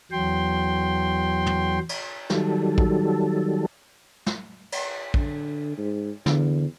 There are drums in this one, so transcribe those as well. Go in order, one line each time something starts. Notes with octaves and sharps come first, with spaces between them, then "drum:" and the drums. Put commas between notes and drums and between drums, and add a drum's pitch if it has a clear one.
E2 F#3 G5 C6
drum: tom
drum: cymbal
D#3 F#3 G3 A4, drum: snare
drum: kick
drum: snare
drum: cymbal
D3, drum: kick
G#2
E2 D3, drum: snare